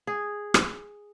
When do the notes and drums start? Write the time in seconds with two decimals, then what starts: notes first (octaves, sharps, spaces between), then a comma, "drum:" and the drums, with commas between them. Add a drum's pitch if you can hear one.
0.07 G#4
0.54 drum: rim click